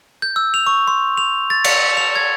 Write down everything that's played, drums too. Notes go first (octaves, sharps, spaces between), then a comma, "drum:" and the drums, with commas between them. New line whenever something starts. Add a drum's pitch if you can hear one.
G6
E6
F7
C#6
C6
F7
A6
C#7, drum: cymbal
F7
G#6